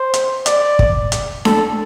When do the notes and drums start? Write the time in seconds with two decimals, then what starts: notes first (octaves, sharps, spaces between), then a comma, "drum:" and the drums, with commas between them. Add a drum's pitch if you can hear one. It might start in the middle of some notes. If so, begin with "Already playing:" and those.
Already playing: C5
0.14 drum: hi-hat
0.46 D5, drum: hi-hat
0.79 drum: kick
1.12 drum: hi-hat
1.45 A4, drum: snare D4